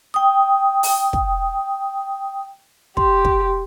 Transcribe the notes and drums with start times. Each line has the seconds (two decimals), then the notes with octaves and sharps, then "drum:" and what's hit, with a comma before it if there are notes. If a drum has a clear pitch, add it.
0.14 G5 D#6
0.83 drum: open hi-hat
1.13 drum: kick
2.97 G4 C6, drum: kick
3.25 drum: kick